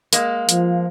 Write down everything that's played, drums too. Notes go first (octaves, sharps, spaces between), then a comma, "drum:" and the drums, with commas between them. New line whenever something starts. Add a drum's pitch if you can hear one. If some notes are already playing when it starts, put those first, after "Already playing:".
G#3 A#3, drum: hi-hat
F3, drum: hi-hat